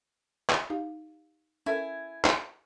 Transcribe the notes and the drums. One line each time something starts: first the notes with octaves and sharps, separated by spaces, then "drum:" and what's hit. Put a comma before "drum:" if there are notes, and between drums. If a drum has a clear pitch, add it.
drum: clap
D#4 G4 F5
C#4 E4 A4 A#4 G#5
drum: clap